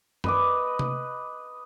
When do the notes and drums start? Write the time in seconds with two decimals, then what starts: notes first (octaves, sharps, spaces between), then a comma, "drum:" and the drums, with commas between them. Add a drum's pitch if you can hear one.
0.24 B4 D#5 D6, drum: tom F#2
0.79 drum: tom C3